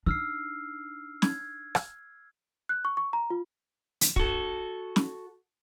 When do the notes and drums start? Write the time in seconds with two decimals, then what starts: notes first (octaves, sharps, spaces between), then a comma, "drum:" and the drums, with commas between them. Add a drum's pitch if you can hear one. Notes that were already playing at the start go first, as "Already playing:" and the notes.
0.06 D4 D#4 E6 F6 C7
1.22 G#6, drum: snare
1.75 drum: rim click
2.69 F#6
2.85 C#6
2.97 C#6
3.13 A#5
3.30 F4
4.01 drum: hi-hat
4.16 F#4 A4, drum: kick
4.96 drum: snare